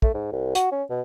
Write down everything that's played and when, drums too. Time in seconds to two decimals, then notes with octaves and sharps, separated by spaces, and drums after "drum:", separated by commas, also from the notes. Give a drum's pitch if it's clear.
0.02 A3, drum: kick
0.14 G#2
0.32 C2
0.55 F#4, drum: hi-hat
0.72 C#4
0.90 B2